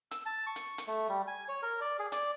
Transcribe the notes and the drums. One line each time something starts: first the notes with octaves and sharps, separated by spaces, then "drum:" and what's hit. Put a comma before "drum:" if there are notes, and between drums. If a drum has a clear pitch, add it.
E6, drum: hi-hat
A5
C#6
drum: hi-hat
drum: hi-hat
A3
G3
G#5
C#5
A#4
D5
G#4
D5, drum: hi-hat